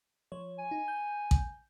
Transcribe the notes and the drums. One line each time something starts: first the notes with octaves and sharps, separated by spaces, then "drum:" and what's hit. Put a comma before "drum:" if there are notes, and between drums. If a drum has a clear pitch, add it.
F3 C#5
G#5
D#4
G6
drum: kick A1